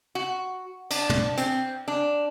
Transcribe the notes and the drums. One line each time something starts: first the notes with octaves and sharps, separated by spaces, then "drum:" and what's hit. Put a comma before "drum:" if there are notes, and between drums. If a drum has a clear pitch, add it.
F#4
D4, drum: cymbal
drum: tom
C4, drum: hi-hat
D4